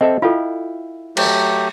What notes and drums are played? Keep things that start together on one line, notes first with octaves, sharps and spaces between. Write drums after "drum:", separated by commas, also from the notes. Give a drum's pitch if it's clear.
C4 A4 D#5 E5
E4 F4 A4 F5 G5
F#3 A3 G4, drum: cymbal